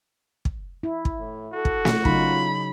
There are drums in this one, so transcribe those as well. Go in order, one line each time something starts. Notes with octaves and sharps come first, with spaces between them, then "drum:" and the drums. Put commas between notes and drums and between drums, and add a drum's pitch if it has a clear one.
drum: kick
E4
drum: kick
A2
F#4 A4
drum: kick
drum: snare
C#3 F#3 D#4 F4 B5, drum: kick